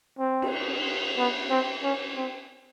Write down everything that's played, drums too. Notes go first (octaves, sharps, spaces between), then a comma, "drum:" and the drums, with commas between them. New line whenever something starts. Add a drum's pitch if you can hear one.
C4
drum: cymbal
B3
C4
C#4
C4